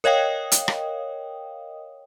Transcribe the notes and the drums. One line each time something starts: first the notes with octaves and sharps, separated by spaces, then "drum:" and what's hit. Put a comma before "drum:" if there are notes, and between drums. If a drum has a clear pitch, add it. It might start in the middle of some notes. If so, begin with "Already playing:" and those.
A#4 C#5 D#5 F5 G5 D#6
drum: hi-hat
drum: rim click